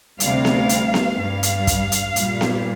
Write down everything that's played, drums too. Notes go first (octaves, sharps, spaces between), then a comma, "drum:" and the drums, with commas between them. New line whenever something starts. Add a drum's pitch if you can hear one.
D2 C3 G3 F5, drum: hi-hat
drum: snare B3
drum: hi-hat
drum: snare B3
G2 G3 F5
drum: hi-hat
drum: kick, hi-hat
drum: hi-hat
A#2 G3, drum: hi-hat
drum: snare B3